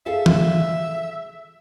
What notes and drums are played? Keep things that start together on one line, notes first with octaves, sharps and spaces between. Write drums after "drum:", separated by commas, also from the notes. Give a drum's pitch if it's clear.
G#4 A4 E5 F5
drum: tom